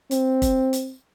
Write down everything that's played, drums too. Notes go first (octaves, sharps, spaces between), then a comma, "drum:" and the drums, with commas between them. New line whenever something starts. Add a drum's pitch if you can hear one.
C4, drum: hi-hat
drum: kick, hi-hat
drum: hi-hat